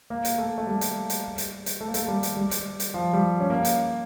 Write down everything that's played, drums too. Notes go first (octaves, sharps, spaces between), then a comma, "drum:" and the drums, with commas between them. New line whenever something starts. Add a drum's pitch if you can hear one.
A#3
drum: hi-hat
A3
A3
G3
drum: hi-hat
drum: hi-hat
drum: hi-hat
drum: hi-hat
A3
A#3
A3, drum: hi-hat
G3
drum: hi-hat
G3
drum: hi-hat
drum: hi-hat
F3
G3
C#4
A#3
drum: hi-hat